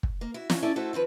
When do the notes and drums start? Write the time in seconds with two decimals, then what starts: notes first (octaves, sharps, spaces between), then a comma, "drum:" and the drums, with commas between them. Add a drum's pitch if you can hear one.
0.03 drum: kick
0.21 A#3
0.34 E4 F#4
0.50 C#4 D4, drum: snare
0.62 C#4 E4 A4 D5
0.76 A3 E4 F#4 A4 C5 C#5
0.93 D#3 F3 C4 B4